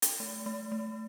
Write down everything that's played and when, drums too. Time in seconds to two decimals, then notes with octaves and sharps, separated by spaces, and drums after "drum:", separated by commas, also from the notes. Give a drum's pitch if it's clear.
0.02 drum: hi-hat
0.20 A3
0.46 A3
0.72 A3